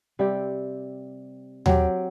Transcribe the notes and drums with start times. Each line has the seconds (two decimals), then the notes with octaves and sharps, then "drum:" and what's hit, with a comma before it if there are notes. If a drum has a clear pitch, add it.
0.19 C3 G3 C4 G4
1.66 F#3 C4 G4, drum: tom D#2